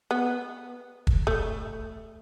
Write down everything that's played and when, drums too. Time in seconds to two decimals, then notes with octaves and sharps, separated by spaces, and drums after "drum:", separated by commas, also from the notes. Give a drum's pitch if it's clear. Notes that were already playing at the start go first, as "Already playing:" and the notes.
0.11 B3
1.07 drum: kick
1.27 A3